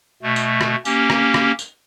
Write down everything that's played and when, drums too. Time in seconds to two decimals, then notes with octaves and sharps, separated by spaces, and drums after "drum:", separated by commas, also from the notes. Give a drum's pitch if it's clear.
0.22 B2 A3
0.36 drum: tambourine
0.61 drum: rim click
0.85 A#3 C#4 G4, drum: tambourine
1.10 drum: rim click
1.34 drum: rim click
1.59 drum: tambourine